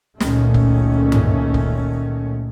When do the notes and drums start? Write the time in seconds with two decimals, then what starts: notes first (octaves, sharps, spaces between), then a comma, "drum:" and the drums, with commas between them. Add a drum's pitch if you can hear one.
0.20 C#2 A#2 D#3 A3 C#4, drum: snare
0.54 drum: kick
1.12 drum: tom G2
1.54 drum: kick